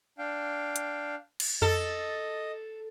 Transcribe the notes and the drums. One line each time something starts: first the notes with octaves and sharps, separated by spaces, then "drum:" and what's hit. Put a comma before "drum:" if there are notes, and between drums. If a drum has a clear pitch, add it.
D4 F5 G5
drum: hi-hat
drum: cymbal
A4 D#5, drum: tom F2